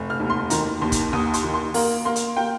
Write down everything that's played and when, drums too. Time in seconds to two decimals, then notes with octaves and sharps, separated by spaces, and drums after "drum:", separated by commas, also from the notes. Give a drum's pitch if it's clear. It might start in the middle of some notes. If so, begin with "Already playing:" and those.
Already playing: F1
0.10 F6
0.20 D#2
0.30 C6
0.50 D#3 A#5, drum: hi-hat
0.81 D#2 C6
0.92 drum: kick, hi-hat
1.13 D#2 D#6
1.34 C6, drum: hi-hat
1.44 D#3
1.54 C6
1.74 A#3 A#5, drum: open hi-hat
2.05 A#3 C6
2.16 drum: hi-hat
2.36 A#3 G5